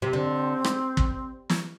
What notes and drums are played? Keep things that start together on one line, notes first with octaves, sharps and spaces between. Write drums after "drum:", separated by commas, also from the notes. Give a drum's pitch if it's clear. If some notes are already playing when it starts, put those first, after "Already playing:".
C3
D3 C4
drum: rim click
drum: kick
drum: snare